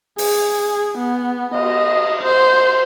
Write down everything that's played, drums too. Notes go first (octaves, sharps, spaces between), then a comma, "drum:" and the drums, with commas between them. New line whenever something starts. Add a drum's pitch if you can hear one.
G#4, drum: open hi-hat
B3
D#5, drum: cymbal
C5